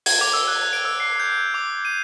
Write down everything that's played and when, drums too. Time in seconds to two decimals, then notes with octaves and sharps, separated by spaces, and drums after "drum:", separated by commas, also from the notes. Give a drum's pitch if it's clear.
0.06 G#6, drum: open hi-hat
0.21 D6
0.33 E6
0.48 F#6
0.73 D7
0.85 E6
1.00 C7
1.20 G6
1.54 D6
1.85 D#7